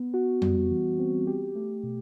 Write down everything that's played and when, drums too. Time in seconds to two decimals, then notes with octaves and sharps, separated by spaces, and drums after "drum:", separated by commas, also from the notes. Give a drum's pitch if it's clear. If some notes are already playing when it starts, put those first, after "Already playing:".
Already playing: B3
0.14 F#4
0.42 G3, drum: tom F2
0.71 E3
0.98 C4
1.27 G4
1.55 A3
1.83 B2